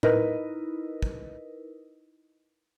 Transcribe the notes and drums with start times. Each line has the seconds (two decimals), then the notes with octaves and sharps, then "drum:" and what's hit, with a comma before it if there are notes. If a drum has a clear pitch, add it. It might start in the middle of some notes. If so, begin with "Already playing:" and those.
0.03 D#4 E4 A#4 B4 D#5, drum: tom A2
1.03 drum: kick